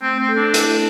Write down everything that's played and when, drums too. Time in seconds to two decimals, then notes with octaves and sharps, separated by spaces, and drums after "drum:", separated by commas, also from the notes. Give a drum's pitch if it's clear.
0.02 A3 C4
0.20 C4
0.28 A4
0.36 D4
0.54 E4, drum: hi-hat